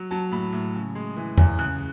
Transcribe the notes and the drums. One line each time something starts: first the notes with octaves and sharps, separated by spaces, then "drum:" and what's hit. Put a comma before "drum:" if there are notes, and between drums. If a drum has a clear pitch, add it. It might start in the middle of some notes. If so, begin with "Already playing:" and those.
Already playing: F#3
F#3 A5
A2 B5
A2
C#3
G#3
E3
E2, drum: tom E2
C#3 F#6